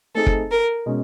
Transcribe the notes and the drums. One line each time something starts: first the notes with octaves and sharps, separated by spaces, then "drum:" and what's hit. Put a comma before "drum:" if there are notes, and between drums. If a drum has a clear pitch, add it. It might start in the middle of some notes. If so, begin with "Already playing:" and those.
A3 C4 D#4 G#4 A4
drum: kick
A#4
B2 G#3 C#4